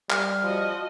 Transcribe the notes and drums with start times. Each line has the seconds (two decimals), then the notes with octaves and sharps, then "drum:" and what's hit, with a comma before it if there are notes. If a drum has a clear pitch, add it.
0.10 G3 F6, drum: clap
0.42 F3 F#4 D#5